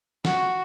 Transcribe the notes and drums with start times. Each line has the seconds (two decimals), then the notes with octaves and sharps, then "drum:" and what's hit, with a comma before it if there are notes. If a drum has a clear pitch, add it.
0.25 F#4, drum: snare